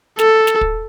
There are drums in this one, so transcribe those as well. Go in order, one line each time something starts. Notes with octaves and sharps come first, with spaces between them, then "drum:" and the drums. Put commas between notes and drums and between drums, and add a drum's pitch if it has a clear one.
A4, drum: snare
drum: snare
drum: kick